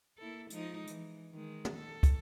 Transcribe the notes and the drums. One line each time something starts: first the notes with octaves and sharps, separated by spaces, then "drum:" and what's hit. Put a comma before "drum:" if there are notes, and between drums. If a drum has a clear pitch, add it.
A#3 E4 A4
F3 G#3 D#4, drum: hi-hat
E3, drum: hi-hat
D#3 G#3
drum: tom
A4
drum: kick, hi-hat